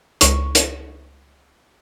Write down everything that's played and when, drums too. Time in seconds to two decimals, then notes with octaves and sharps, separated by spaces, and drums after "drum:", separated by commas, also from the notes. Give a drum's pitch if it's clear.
0.21 C#2 C#6, drum: hi-hat
0.55 drum: hi-hat